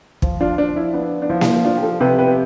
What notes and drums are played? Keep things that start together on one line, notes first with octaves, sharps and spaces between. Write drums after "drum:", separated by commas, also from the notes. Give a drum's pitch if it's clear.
F3, drum: kick
D4 F4
F3 D4
E4
B3 D4
D4
F3 E4
drum: snare A#3
F3 D4 F4
G4
F4 A4
C3 G4 B4
G4 B4